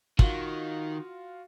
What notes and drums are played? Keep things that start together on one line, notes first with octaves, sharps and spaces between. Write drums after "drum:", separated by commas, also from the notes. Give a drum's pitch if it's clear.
D#3 F4 F#4 F5, drum: kick